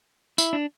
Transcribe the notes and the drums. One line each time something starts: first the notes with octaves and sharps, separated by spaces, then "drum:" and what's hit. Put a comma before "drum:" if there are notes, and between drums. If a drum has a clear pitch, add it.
E4, drum: tambourine
D4